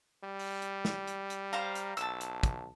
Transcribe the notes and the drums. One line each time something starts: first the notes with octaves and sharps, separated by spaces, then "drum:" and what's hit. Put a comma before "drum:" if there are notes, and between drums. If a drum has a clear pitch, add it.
G3
drum: open hi-hat
drum: hi-hat
drum: snare
drum: hi-hat
drum: hi-hat
C5 F5 A#5
drum: hi-hat
B1 A5 E6, drum: hi-hat
drum: hi-hat
drum: kick, hi-hat